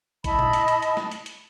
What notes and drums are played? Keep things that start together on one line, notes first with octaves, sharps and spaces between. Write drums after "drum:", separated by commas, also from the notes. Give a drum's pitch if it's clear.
E4 D#5 A5 B5, drum: kick A1, hi-hat
drum: tom A#2
drum: hi-hat
drum: hi-hat
drum: hi-hat
drum: snare
drum: hi-hat
drum: hi-hat